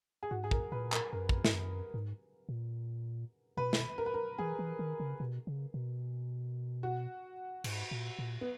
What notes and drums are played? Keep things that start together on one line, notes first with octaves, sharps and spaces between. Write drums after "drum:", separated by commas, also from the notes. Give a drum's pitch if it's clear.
G#4
G#2 F#4
G#4
A#4, drum: kick
A#2 B4
A#4, drum: clap
F#2 A#4
drum: kick
G#2, drum: snare
F#2
G#2
A#2
B2 B4
drum: snare
A#4
B4
A#4
E3 G#4
E3
D#3
C#3
B2
C#3
B2
F#4
G#2, drum: cymbal
A#2
A#2
B3